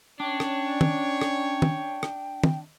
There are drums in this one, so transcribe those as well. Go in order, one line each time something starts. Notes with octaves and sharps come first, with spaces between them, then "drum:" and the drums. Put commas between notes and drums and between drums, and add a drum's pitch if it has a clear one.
C#4 D4 C#5 G5
drum: rim click
drum: tom
drum: rim click
drum: tom
drum: rim click
drum: tom